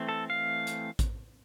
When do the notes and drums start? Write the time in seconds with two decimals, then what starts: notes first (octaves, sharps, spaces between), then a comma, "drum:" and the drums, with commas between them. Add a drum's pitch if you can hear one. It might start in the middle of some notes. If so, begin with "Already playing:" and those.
Already playing: E3 A3 C4
0.09 A4
0.30 F5
0.67 drum: hi-hat
0.99 drum: kick A1, hi-hat